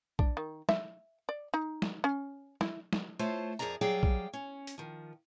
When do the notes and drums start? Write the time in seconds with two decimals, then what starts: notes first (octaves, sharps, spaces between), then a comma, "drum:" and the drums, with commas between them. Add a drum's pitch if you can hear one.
0.19 D4, drum: kick
0.37 D#3
0.69 E5, drum: snare
1.29 D5
1.54 D#4
1.82 drum: snare
2.04 C#4
2.61 E4, drum: snare
2.93 drum: snare
3.19 A3 F4 C5 C#5 A5
3.59 F2 D#3 G#4 A#4 D5 A#5
3.81 F#3 G3 G#4 D5 F5 G5
4.03 drum: kick
4.33 C#4
4.67 drum: hi-hat
4.78 D#3 F3